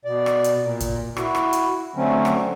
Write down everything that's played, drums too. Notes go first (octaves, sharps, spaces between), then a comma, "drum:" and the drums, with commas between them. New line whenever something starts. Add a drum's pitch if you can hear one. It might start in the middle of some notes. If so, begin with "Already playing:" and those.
B2 D5
drum: rim click
drum: hi-hat
A#2
drum: kick, hi-hat
E4 F#4, drum: rim click
drum: rim click
drum: hi-hat
D3 F#3 A3 C4 C#4
drum: rim click